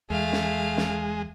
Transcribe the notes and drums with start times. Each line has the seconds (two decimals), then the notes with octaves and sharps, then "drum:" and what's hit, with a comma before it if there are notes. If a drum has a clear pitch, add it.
0.10 E2 G#3 A3 F5
0.33 drum: snare
0.77 drum: snare